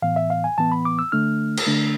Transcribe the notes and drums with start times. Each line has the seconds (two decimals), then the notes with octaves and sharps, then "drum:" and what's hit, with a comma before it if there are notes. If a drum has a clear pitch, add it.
0.02 A2 E3 B3 F5
0.16 E5
0.30 F5
0.44 G#5
0.58 A2 E3 B3 A5
0.72 B5
0.85 D6
0.99 E6
1.12 D3 A3 D4 F6
1.57 drum: cymbal
1.67 D3 A3 D4